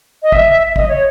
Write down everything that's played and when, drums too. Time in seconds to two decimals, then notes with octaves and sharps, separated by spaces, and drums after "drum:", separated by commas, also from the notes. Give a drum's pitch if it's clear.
0.23 D#5
0.32 E5, drum: kick
0.76 D#5, drum: kick
0.88 C#5